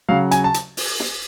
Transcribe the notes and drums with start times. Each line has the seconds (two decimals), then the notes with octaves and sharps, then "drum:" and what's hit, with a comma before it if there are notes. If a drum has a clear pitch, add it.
0.09 C#3 F#3 F5
0.31 G#5, drum: hi-hat
0.44 A5
0.54 drum: hi-hat
0.77 drum: open hi-hat
1.00 drum: snare